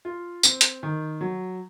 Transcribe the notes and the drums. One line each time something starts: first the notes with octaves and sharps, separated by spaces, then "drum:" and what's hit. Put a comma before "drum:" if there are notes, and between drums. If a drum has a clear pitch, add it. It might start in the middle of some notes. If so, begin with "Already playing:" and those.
F4
C4, drum: tambourine
drum: hi-hat
D#3
F#3